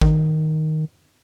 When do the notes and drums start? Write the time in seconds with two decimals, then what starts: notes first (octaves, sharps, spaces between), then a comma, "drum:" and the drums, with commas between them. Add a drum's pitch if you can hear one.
0.01 D#3, drum: kick A1